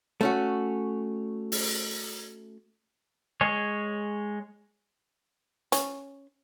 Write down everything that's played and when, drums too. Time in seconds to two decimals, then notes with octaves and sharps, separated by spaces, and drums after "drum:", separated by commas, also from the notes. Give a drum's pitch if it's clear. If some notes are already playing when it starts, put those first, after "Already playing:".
0.21 A3 C#4 F#4
1.52 drum: open hi-hat
3.41 G#3 G#4 C#5
5.72 C#4, drum: hi-hat